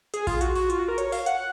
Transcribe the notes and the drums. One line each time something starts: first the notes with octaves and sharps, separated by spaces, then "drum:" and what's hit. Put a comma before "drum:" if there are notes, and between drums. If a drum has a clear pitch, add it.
G#4, drum: hi-hat
F4, drum: kick A#1, open hi-hat
F#4, drum: hi-hat
F#4, drum: open hi-hat
F4, drum: hi-hat
F#4
A#4
C#5, drum: hi-hat
F5, drum: open hi-hat
F#5, drum: hi-hat